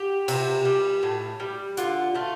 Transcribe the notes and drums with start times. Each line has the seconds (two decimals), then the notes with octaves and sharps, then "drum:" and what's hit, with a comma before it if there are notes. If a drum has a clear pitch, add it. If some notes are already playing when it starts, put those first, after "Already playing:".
Already playing: G4
0.28 C3, drum: cymbal
0.65 G3
1.03 A2
1.40 G3
1.77 D3 F4, drum: hi-hat
2.15 A3 F4